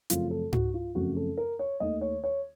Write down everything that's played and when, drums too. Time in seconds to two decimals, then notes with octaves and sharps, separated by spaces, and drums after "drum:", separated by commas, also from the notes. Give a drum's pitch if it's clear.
0.10 F#2 C#3 F3 A3 C4 F4, drum: hi-hat
0.31 A4
0.53 F#4, drum: tom G#2
0.74 F4
0.95 F#2 C#3 F3 A3 C4 F#4
1.16 A4
1.37 A#4
1.59 C#5
1.80 D#2 D#3 A3 D#5
2.01 C#5
2.24 C#5